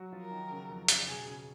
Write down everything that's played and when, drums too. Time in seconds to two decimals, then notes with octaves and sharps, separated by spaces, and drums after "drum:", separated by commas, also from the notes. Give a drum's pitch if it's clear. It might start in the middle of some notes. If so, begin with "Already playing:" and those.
Already playing: F#3 F#4
0.12 F3 F4
0.22 A#4
0.31 D#3 D#4
0.51 C#3 C#4
0.70 F2 F3
0.88 C#3, drum: hi-hat
0.99 C#3
1.08 B2 G#4
1.27 C#3